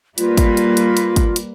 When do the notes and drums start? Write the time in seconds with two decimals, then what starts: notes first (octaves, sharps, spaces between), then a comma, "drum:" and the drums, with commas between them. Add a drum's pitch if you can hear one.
0.18 G3 A#3 F4 B4, drum: hi-hat
0.37 drum: kick, hi-hat
0.57 drum: hi-hat
0.77 drum: hi-hat
0.97 drum: hi-hat
1.16 drum: kick, hi-hat
1.36 drum: hi-hat